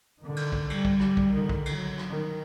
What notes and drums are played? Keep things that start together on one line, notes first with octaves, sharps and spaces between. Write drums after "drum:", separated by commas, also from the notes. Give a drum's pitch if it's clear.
D3 D#3
drum: cymbal
drum: kick
G3, drum: cymbal
drum: kick
G3, drum: rim click
drum: kick
D3 D#3
drum: kick
drum: cymbal
F#3
drum: rim click
D#3